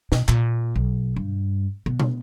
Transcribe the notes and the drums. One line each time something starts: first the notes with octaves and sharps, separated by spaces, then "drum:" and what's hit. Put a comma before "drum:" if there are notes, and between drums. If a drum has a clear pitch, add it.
B2, drum: snare
A#2, drum: clap
B1
G2
B2
drum: tom